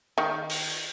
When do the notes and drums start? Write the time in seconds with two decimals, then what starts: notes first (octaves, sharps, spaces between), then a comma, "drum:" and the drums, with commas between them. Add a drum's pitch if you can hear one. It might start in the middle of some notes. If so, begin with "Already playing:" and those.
0.18 D#3
0.50 drum: open hi-hat